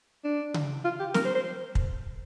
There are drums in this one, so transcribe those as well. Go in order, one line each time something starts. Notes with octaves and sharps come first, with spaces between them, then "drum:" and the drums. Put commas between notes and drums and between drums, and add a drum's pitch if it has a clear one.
D4
drum: tom C#3
F4
G4
A#4, drum: snare
C5
C5
drum: kick